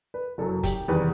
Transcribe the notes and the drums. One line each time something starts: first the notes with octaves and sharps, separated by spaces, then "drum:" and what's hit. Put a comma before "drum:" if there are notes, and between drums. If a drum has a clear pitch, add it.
B4
F#1 F#2 F#3 A4
G4, drum: kick, hi-hat
E2 C3 D#3 G3 B4